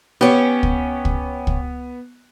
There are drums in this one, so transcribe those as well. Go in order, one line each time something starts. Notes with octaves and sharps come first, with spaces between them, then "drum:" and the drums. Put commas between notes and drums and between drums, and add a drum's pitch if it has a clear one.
B3 C#4 G4
drum: kick
drum: kick
drum: kick